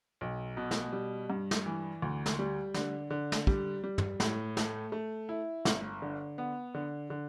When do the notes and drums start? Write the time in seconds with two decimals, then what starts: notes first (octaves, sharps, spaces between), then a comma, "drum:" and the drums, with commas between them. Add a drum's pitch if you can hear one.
0.21 B1
0.57 B2
0.71 drum: snare
0.93 G3
1.30 G2
1.51 drum: snare
1.66 E3
2.02 D2
2.26 drum: snare
2.39 G3
2.74 D3, drum: snare
3.10 D3
3.32 drum: snare
3.47 G3, drum: kick
3.84 G3
3.98 drum: tom
4.20 A2, drum: snare
4.57 A3, drum: snare
4.92 A3
5.29 E4
5.65 G1, drum: snare
6.02 D3
6.38 B3
6.74 D3
7.10 D3